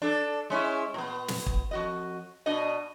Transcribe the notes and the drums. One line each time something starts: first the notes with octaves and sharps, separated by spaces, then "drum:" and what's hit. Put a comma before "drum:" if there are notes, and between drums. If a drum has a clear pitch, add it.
D4 A4
G#3 C#4 E4
A#2 B3
drum: snare
drum: kick
F2 F#4 D#5
B2 D4 D#5